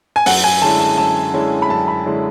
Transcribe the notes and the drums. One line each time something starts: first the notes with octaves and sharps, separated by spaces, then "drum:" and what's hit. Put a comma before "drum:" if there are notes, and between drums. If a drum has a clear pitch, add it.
G#5
F#2 F#5, drum: open hi-hat
G#5
D3 G#3 C#4 E4 A5
A5
F#2 A5
D3 G#3 C#4 E4
B5
F#2 A5
B5
D3 G#3 C#4 E4